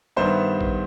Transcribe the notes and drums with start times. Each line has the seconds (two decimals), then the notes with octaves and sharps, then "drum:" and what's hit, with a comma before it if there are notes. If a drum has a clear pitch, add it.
0.16 G2 D#3 G3 B3 C5 E5
0.61 drum: kick